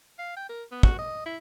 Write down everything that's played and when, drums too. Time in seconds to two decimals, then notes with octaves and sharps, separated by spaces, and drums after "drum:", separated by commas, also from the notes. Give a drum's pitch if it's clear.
0.19 F5
0.37 G5
0.49 A#4
0.72 B3
0.83 F#4, drum: kick
0.98 D#5
1.26 E4